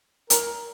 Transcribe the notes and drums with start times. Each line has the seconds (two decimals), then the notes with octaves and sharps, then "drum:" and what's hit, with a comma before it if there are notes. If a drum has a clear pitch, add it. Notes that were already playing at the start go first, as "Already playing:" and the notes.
0.30 A#4, drum: hi-hat